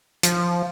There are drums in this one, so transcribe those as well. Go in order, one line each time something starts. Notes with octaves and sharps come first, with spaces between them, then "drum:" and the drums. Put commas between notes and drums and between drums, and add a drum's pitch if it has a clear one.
F3, drum: hi-hat